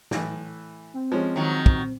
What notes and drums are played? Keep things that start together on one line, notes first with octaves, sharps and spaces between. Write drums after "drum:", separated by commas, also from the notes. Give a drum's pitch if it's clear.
A2 E3, drum: snare
C4
F3 G#3 C#4
D#3 F#3
drum: kick